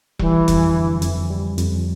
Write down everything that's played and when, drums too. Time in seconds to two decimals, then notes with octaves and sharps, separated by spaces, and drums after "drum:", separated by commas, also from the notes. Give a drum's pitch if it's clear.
0.19 E3 G3, drum: kick E1
0.48 F2, drum: kick E1, hi-hat
0.74 D3
1.02 F2, drum: hi-hat
1.30 G3
1.58 F2, drum: hi-hat